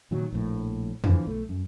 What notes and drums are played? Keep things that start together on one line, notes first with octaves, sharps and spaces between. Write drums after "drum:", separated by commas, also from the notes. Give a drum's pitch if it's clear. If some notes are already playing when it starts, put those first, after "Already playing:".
A#2 D#3 F#3
A#1 A2
E2 D3 E3 F3, drum: tom E2
B1 A3
F#2